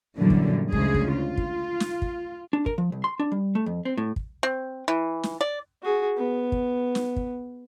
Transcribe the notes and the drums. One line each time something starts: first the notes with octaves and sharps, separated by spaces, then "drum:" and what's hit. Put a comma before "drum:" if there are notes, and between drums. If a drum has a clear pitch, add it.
F#2 A#2 D3 E3 F#3 G3
drum: kick
D2 C#3 G#3 G#4, drum: kick
drum: kick
F4
drum: kick
drum: snare
drum: kick
D4
A#4, drum: kick
F3
C2
C6
D4
G3
A3
F2
C4
A2
drum: kick
C4
E3
drum: snare
D5
F#4 G#4
B3
drum: kick
drum: snare
drum: kick